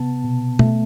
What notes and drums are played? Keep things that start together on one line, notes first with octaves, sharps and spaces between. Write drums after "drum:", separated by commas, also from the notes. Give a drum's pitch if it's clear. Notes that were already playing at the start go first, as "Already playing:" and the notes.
Already playing: C3 B3 A5
B2
A3, drum: tom